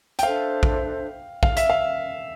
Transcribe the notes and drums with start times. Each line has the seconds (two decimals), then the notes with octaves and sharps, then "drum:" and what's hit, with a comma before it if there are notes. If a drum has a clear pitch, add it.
0.19 G5, drum: hi-hat
0.23 D4 A4 C5 E5 F5
0.63 drum: kick A#1
1.43 F5, drum: kick A#1
1.57 E5, drum: hi-hat
1.70 F5